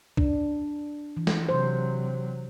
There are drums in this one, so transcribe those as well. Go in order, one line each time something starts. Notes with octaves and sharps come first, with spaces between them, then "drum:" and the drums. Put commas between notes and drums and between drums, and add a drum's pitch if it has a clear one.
D4, drum: kick C2
E3
drum: snare
C3 F#3 C5